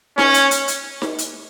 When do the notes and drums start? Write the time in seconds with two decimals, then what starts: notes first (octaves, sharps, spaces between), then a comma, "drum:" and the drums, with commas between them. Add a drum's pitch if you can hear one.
0.18 C#4, drum: snare D#4
0.34 drum: hi-hat
0.51 drum: hi-hat
0.68 drum: hi-hat
1.02 drum: snare D#4
1.18 drum: hi-hat